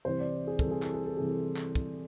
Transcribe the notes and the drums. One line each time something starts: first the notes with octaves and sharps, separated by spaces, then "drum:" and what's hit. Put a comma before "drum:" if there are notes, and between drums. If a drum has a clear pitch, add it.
C2 C3 E3 C5
D5
G#4
C2 C3 E3 A4, drum: kick, hi-hat
G#4
A4, drum: clap
G#4
A4
C2 C3 E3 G#4
A4
drum: clap
drum: kick, hi-hat